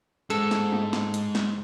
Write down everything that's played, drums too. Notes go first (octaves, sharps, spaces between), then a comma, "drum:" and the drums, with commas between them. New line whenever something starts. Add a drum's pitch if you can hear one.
G#2 G#3 A4
drum: snare
drum: tom
drum: snare
drum: hi-hat
drum: snare